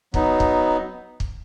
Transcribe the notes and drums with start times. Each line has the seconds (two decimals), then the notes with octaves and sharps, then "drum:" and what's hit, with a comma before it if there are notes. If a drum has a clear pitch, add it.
0.14 F#3 B3 D#4, drum: kick
0.40 drum: kick
1.20 drum: kick